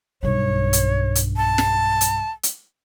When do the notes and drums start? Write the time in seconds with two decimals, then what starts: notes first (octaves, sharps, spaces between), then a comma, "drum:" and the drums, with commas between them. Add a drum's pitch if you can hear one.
0.23 B1 G2 C#5
0.73 drum: hi-hat
1.15 drum: hi-hat
1.37 A5
1.58 drum: snare
2.01 drum: hi-hat
2.43 drum: hi-hat